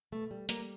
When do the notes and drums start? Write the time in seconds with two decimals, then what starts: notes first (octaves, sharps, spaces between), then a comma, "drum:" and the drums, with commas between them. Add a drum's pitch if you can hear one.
0.12 B2 A3
0.31 G3
0.49 G3 A#3, drum: hi-hat